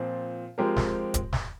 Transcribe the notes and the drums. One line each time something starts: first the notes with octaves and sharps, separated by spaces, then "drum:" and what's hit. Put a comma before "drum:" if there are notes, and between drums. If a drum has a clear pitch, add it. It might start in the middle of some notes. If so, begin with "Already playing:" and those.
Already playing: A#2 F3 C4
F3 G#3 C4 G4 A#4
drum: snare
drum: kick, hi-hat
drum: snare